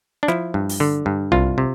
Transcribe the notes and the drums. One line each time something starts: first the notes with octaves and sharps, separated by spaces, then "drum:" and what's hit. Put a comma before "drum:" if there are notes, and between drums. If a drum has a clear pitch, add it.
D4
F3 E4, drum: snare
G2
drum: open hi-hat
D3
G2
C2 F4, drum: tom B1
C3